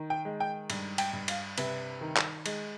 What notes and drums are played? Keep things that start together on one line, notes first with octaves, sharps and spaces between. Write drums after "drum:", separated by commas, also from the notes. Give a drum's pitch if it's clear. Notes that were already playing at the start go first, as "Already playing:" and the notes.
Already playing: D#3
G5
G#3
G5
G2, drum: cymbal
G5, drum: cymbal
G2
F5, drum: cymbal
C3 B4, drum: cymbal
D#3
drum: clap
G#3, drum: cymbal